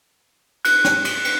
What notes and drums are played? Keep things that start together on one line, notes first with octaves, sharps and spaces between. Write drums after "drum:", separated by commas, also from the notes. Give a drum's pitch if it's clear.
F#6, drum: cymbal
drum: snare
drum: cymbal
drum: cymbal